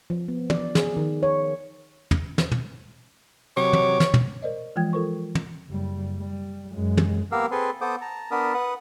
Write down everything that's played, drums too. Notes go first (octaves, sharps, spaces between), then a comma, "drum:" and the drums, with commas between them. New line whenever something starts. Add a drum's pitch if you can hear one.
F3
B3
D5, drum: tom
G#4, drum: snare
D#3
C#5
drum: tom
drum: snare
drum: tom
C3 F#3 C#5 D6
drum: tom
drum: snare
drum: tom
A#4 C5 D5 D#5
E3 F3 G#3 F4 G5 G#6
F4 A4 A#4 C5 C#6
drum: tom
F#1 G3
G3
F#2 G#3
drum: tom
A#3 B3 G4 A#4 F5 E6
C4 G#4 A4 B4 C6
B3 A4 C5 D6 D#6
A5 A#5
B3 D4 A#4 A5 B5 D#6
B4 F#5 D#6